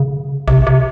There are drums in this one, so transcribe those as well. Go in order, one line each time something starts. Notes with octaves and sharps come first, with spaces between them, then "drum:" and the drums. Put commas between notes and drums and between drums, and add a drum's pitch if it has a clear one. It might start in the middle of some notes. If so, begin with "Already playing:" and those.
Already playing: C#3
C3, drum: kick B1
C3